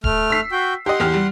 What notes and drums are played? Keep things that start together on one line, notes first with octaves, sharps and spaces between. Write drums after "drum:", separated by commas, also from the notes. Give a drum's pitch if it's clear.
A3 F6, drum: kick D1
E6 B6 C7
F#4 G5
G4 D#5 F#5 C6
E2 G4 F6
G3